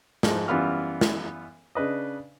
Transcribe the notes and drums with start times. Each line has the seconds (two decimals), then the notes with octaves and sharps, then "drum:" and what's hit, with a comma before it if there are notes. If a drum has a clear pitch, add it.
0.23 G#2 F3, drum: snare
0.48 F#2 E3 G3 B3 F4 F6
1.01 drum: snare
1.75 C#3 D4 B4 D#5